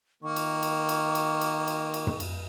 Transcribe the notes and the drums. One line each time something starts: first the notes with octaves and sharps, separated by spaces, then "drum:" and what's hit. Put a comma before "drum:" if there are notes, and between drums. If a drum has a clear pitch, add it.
D#3 A#3 C#6
drum: cymbal
drum: cymbal
drum: cymbal
drum: cymbal
drum: cymbal
drum: cymbal
drum: cymbal
drum: tom
drum: cymbal